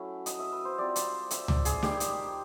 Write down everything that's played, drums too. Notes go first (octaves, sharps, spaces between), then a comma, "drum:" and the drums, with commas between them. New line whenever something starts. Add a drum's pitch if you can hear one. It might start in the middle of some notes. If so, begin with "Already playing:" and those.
Already playing: F#3 A3 C#4 E4
D#5, drum: hi-hat
E5
B4
C5
G3 C4 F4 D5
drum: hi-hat
E5, drum: hi-hat
D5, drum: tom C#2
G#4, drum: hi-hat
G3 A#3 D#4 G4, drum: snare
drum: hi-hat